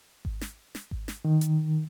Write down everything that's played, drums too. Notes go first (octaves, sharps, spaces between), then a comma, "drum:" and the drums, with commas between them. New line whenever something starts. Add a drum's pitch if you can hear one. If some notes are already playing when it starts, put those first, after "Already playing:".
drum: kick G#1
drum: snare
drum: snare
drum: kick G#1
drum: snare
D#3
drum: hi-hat